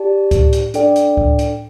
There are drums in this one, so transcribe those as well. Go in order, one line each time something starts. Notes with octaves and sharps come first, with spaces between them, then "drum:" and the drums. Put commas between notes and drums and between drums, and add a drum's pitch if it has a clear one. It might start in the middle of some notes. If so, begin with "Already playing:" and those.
Already playing: G4 D5 A5
drum: kick C#2, hi-hat
drum: hi-hat
D4 A4 D5 G5, drum: hi-hat
drum: hi-hat
drum: kick C#2
drum: hi-hat